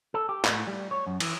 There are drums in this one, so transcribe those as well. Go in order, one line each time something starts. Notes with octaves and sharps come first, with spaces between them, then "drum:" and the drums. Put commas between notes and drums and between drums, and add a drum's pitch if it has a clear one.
A4
G4
A2, drum: clap
G3
C#5
F#2
E3, drum: cymbal